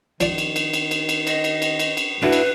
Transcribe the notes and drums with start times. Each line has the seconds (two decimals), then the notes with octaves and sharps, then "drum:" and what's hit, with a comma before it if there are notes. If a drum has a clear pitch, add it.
0.20 D#3 F3 D5, drum: cymbal
0.38 drum: cymbal
0.56 drum: cymbal
0.73 drum: cymbal
0.91 drum: cymbal
1.09 drum: cymbal
1.27 D#5, drum: cymbal
1.44 drum: cymbal
1.62 drum: cymbal
1.79 drum: cymbal
1.97 drum: cymbal
2.23 D4 E4 F#4 A4 B4
2.32 drum: cymbal